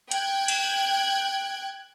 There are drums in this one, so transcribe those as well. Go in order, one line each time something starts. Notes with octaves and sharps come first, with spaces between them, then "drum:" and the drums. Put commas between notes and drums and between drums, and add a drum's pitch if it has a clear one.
G5 F#6 G#6, drum: hi-hat
drum: cymbal